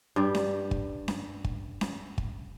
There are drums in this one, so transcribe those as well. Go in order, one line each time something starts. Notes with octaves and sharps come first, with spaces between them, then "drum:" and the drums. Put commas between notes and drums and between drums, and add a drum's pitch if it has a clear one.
G2 G3
drum: snare C#4
drum: kick
drum: snare C#4
drum: kick
drum: snare C#4
drum: kick